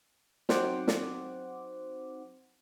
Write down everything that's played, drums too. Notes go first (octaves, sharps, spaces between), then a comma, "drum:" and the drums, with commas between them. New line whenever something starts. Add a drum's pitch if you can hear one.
F#3 C4 D#4 C5 F#5 D6, drum: snare
drum: snare